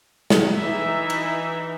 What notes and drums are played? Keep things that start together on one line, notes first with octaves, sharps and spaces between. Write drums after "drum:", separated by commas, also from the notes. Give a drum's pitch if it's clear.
drum: snare
E3 D#4 E5
drum: cymbal